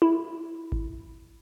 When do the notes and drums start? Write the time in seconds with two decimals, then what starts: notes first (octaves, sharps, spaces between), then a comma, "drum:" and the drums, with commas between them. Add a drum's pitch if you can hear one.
0.02 E4
0.72 drum: kick G#1